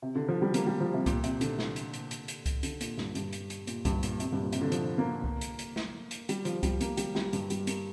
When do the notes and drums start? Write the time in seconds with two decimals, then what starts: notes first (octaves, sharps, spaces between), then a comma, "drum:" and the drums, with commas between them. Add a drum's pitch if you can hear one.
0.02 C3
0.15 D3
0.29 F3
0.42 G3
0.54 A#3, drum: hi-hat
0.67 G3
0.81 F3
0.94 C3
1.06 A#2, drum: kick C2, hi-hat
1.24 C3, drum: hi-hat
1.41 D3, drum: hi-hat
1.59 drum: snare
1.76 drum: hi-hat
1.93 drum: hi-hat
2.11 drum: hi-hat
2.28 drum: hi-hat
2.46 drum: kick C2, hi-hat
2.63 D3, drum: hi-hat
2.81 A#2, drum: hi-hat
2.98 G2, drum: snare
3.15 G2, drum: hi-hat
3.33 drum: hi-hat
3.50 drum: hi-hat
3.67 A#2, drum: hi-hat
3.85 G2, drum: kick C2, hi-hat
4.03 A#2, drum: hi-hat
4.20 C3, drum: hi-hat
4.33 G2
4.42 A#2
4.52 C3, drum: hi-hat
4.61 D3
4.72 F3, drum: hi-hat
4.98 A#3
5.24 drum: kick C2
5.41 drum: hi-hat
5.59 drum: hi-hat
5.76 drum: snare
6.11 drum: hi-hat
6.29 G3, drum: hi-hat
6.45 F3, drum: hi-hat
6.63 G3, drum: kick C2, hi-hat
6.81 A#3, drum: hi-hat
6.97 G3, drum: hi-hat
7.15 G3, drum: snare
7.33 G2, drum: hi-hat
7.50 G3, drum: hi-hat
7.67 A#3, drum: hi-hat